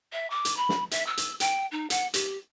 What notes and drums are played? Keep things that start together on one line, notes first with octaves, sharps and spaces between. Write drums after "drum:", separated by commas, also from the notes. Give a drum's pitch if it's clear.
E5
D6
drum: hi-hat
B5
drum: snare
E5, drum: hi-hat
E6
drum: hi-hat
G5, drum: hi-hat
D#4
F#5, drum: hi-hat
G4, drum: hi-hat